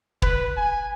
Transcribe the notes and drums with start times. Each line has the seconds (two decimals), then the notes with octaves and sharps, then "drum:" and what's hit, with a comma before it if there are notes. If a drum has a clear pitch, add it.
0.22 B4, drum: kick
0.57 G#5